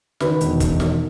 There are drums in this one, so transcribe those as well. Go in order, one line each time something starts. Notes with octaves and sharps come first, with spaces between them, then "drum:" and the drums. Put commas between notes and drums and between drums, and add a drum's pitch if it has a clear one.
D#3 B4, drum: snare
E1, drum: hi-hat
D#3, drum: kick, hi-hat
drum: snare